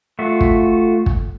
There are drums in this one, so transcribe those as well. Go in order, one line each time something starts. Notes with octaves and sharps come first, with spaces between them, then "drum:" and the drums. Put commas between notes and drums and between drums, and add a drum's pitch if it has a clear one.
A3 F4 F#4 E5
drum: kick
drum: kick